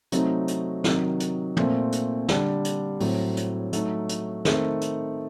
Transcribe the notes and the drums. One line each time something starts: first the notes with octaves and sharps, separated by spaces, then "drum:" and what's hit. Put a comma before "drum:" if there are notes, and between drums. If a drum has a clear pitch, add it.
C3 F#3 A3 C4 D#4, drum: hi-hat
drum: hi-hat
C3 D#3 F#3, drum: snare
drum: hi-hat
A#2 A3 C4, drum: tom
drum: hi-hat
D3 G3 D4, drum: snare
drum: hi-hat
A2 F#3 C4, drum: open hi-hat
drum: hi-hat
F#3 A3 D#4, drum: hi-hat
drum: hi-hat
D#3 A3 C4, drum: snare
drum: hi-hat